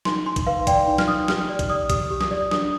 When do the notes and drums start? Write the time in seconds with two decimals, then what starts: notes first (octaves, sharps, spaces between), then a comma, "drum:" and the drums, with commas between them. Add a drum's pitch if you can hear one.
0.05 D#4 C6, drum: snare
0.26 D#4 C6
0.36 drum: kick B1, hi-hat
0.47 B4 F5
0.67 D5 G5, drum: kick B1, hi-hat
0.87 D#4
0.98 F6, drum: snare
1.08 D#4 D#6
1.28 G4 F6, drum: snare
1.49 D5
1.59 drum: kick B1, hi-hat
1.70 D5 D#6
1.90 G4 D#6, drum: kick B1, hi-hat
2.10 G4
2.21 D#6, drum: snare
2.31 D5
2.51 D4 D#6, drum: snare